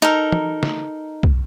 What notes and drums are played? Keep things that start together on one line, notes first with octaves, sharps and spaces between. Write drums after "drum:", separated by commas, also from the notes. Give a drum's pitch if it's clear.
D#4 A4 A#4
drum: tom
drum: snare
drum: kick